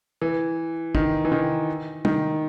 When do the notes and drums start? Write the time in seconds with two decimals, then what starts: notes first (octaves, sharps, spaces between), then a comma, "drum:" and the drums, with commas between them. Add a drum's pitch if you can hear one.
0.22 E3
0.95 D#3, drum: kick
1.25 E3
1.32 D#3
2.05 D#3, drum: tom